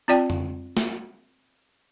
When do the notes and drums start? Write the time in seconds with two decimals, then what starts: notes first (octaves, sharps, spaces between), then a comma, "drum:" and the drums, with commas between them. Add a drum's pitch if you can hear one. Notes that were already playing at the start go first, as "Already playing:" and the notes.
0.08 C4 F4 D5 G5 A5
0.30 drum: tom F2
0.77 drum: snare